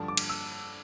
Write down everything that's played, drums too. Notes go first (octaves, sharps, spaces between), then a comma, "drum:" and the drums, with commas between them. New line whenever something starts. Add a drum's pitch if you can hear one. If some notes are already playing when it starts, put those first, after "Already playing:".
Already playing: G2 D3 F3 A5
D6
drum: cymbal
E6